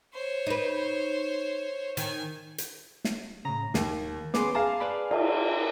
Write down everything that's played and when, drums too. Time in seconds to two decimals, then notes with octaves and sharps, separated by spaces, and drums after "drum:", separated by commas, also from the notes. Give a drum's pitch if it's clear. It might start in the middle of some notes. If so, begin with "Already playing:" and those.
0.14 C5 C#5
0.47 D#4 B4
1.97 D#3 G#5, drum: hi-hat
2.58 drum: hi-hat
3.04 drum: snare
3.45 A2 C#3 A#5
3.74 D#2 D#3, drum: snare
4.34 B3 C#4 G#4 C6 D6, drum: snare
4.55 G#4 F5 A5 A#5
4.80 B4 D5 B5
5.11 drum: cymbal